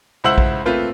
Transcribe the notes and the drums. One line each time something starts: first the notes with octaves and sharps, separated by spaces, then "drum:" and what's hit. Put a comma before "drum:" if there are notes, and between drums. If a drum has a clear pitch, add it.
C#2 E4 C5 F#5 E6 F#7
drum: kick A#1
A3 A#3 C4 F4 B4 C5